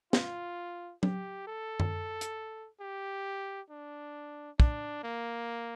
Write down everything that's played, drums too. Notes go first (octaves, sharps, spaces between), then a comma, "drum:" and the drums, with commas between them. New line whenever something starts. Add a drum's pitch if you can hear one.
F4, drum: snare
G4, drum: tom F#3
A4
drum: tom F#2
drum: hi-hat
G4
D4
D4, drum: kick
A#3